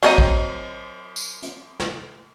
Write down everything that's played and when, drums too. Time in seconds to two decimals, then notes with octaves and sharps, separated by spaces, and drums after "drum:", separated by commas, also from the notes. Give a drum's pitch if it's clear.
0.03 F#3 C4 D#4, drum: cymbal
0.18 drum: kick A#1
1.16 drum: tambourine
1.42 drum: hi-hat
1.80 drum: snare